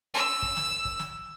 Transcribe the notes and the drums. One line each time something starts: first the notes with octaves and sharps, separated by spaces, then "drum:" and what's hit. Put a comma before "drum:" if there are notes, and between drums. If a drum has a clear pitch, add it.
E6
drum: kick
drum: snare
drum: kick
drum: snare